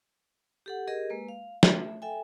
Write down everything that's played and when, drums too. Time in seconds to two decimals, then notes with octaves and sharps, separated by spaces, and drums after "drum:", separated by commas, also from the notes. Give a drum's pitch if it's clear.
0.66 G4 A4 F#5
0.88 G4 G#4 A#4 D#5
1.10 G#3 A#3 B4
1.29 F5
1.63 A3 E5, drum: snare
2.02 A4 E5 G5 G#5